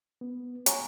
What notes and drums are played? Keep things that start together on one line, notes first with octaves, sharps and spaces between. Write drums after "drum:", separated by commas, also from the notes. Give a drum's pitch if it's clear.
B3
C#5 F#5 G#5 A#5 C#6, drum: hi-hat